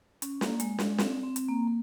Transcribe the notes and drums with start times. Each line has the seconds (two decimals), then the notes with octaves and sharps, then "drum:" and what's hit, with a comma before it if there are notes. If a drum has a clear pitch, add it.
0.22 C#4, drum: hi-hat
0.41 A#3, drum: snare
0.60 G#3, drum: hi-hat
0.79 G#3, drum: snare
0.98 C4, drum: snare
1.23 C4
1.36 drum: hi-hat
1.49 A#3
1.67 A#3